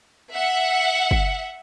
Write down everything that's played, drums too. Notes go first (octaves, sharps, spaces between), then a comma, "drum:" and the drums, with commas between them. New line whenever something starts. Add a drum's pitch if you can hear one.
E5 F#5
drum: kick